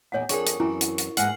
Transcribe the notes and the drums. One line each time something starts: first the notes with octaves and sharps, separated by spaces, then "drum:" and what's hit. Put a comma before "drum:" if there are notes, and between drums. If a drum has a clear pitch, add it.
E2 A#2 D#4 C#5 F#5
F2 D4 G#4 A#4 C#6, drum: hi-hat
drum: hi-hat
F#2 E3 C4 C#4 E4 G#4
drum: hi-hat
drum: hi-hat
G#2 E3 A#3 F#5 F6 C7 F#7, drum: hi-hat